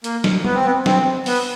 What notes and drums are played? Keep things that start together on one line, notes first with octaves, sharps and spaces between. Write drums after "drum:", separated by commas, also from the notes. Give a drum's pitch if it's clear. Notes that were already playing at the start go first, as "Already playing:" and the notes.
A#3, drum: hi-hat
drum: snare
B3, drum: tom
C4
B3
C4, drum: snare
B3, drum: open hi-hat